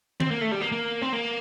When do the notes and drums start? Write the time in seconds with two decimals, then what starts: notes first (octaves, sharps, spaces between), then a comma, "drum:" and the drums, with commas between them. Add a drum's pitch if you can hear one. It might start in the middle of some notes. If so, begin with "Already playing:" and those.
0.20 C4, drum: tom D#3
0.31 A#3
0.41 A3
0.51 G3
0.61 A#3
0.72 A#3
1.02 C4
1.13 A#3